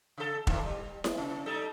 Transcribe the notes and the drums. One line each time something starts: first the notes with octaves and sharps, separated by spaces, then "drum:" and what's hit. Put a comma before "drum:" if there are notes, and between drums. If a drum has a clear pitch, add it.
C#3 A4
D3 E3 A#3, drum: kick
G3
drum: snare E4
C3
G3 D#4 A4